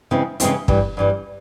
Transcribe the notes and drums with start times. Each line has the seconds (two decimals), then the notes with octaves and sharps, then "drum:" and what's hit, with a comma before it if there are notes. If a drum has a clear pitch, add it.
0.11 C#3 E3 G#3 C4 E4
0.40 C#3 E3 G#3 C4 E4, drum: hi-hat
0.68 G2 E3 G3, drum: kick
0.97 G2 E3 G3